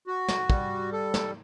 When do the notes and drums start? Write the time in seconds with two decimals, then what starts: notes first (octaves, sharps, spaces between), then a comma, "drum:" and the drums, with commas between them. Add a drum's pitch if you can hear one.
0.07 F#4
0.28 drum: snare
0.50 G3, drum: kick
0.93 A4
1.14 drum: snare